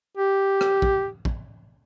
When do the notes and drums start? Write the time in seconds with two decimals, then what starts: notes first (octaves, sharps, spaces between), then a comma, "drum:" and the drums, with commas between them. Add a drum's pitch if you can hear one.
0.17 G4
0.61 drum: rim click
0.82 drum: kick
1.25 drum: kick